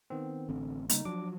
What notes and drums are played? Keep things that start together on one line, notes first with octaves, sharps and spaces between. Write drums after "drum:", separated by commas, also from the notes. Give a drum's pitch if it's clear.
D#3 B3 C4
A1 D3 C4
C#3 G3 A#3 D#4, drum: hi-hat
F3 F#3 D4 D6